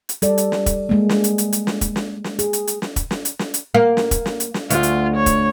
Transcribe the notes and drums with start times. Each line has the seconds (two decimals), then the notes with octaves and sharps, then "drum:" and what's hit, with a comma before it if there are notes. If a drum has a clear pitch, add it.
0.09 drum: hi-hat
0.22 G3 A4 D5, drum: hi-hat
0.38 drum: hi-hat
0.52 drum: snare
0.66 drum: kick E1, hi-hat
0.89 G#3 A#3
1.09 drum: snare
1.24 drum: hi-hat
1.38 drum: hi-hat
1.53 drum: hi-hat
1.67 drum: snare
1.81 drum: kick E1, hi-hat
1.96 drum: snare
2.24 drum: snare
2.39 G#4, drum: hi-hat
2.53 drum: hi-hat
2.67 drum: hi-hat
2.82 drum: snare
2.96 drum: kick E1, hi-hat
3.11 drum: snare
3.25 drum: hi-hat
3.39 drum: snare
3.54 drum: hi-hat
3.74 A#3
3.97 drum: snare
4.11 drum: kick E1, hi-hat
4.26 drum: snare
4.40 drum: hi-hat
4.54 drum: snare
4.70 D2 F4, drum: hi-hat
4.83 drum: hi-hat
5.16 C#5
5.26 drum: kick E1, hi-hat